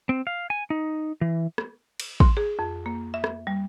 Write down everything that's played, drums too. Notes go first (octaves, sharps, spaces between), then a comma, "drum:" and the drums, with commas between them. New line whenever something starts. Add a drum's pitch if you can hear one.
C4
F5
G#5
D#4
E3
drum: rim click
drum: cymbal
C6, drum: kick
G#4
F2
A#3
E5
drum: rim click
G3